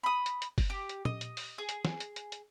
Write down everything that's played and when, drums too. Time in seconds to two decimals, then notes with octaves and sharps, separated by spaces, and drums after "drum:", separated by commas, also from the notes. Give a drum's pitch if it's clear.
0.03 B5 D#6
0.26 drum: hi-hat
0.42 drum: hi-hat
0.58 drum: kick F#1, open hi-hat
0.70 G4
0.89 drum: hi-hat
1.05 D#5, drum: tom
1.21 drum: hi-hat
1.37 drum: open hi-hat
1.58 G#4
1.69 drum: hi-hat
1.85 drum: snare
2.00 drum: hi-hat
2.16 drum: hi-hat
2.32 drum: hi-hat